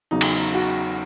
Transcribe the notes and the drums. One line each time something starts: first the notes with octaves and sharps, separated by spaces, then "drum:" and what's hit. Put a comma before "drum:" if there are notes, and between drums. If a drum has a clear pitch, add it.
E2 C#3 F#3 D#4
drum: cymbal
F#4